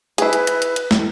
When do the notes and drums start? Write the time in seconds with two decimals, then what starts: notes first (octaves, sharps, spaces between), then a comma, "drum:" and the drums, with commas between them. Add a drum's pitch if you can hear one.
0.18 E4 G#4 B4, drum: hi-hat
0.33 drum: hi-hat
0.47 drum: hi-hat
0.62 drum: hi-hat
0.76 drum: hi-hat
0.91 drum: snare